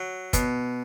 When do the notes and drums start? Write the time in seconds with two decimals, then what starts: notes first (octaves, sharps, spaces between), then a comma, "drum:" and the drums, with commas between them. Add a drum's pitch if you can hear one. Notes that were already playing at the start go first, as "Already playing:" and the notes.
Already playing: F#3
0.33 B2, drum: kick, hi-hat